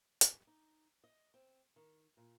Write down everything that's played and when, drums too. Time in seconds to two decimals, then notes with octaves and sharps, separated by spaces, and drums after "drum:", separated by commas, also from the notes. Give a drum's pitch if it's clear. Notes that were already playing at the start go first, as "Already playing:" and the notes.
0.21 G4, drum: hi-hat
0.47 D#4
1.04 D#5
1.34 C4
1.76 D#3
2.17 A#2